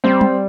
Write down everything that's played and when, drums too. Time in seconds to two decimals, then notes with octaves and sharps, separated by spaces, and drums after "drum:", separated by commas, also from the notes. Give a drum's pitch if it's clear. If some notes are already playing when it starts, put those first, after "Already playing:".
0.04 G3 C4
0.21 drum: tom G3